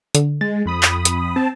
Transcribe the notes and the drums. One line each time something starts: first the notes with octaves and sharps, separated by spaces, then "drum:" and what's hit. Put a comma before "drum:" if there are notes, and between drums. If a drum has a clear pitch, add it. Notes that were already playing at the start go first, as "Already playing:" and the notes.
D3, drum: hi-hat
G#3 A6
F2 B5 D#6
drum: clap
drum: hi-hat
C4 A5